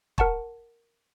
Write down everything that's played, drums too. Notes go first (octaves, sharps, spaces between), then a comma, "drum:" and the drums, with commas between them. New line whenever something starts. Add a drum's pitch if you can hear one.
A#4 F#5 A5 C#6, drum: kick